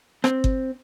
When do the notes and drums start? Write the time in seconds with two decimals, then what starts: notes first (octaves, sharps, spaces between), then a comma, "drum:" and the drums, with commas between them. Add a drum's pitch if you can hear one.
0.24 C4, drum: rim click
0.44 drum: kick G1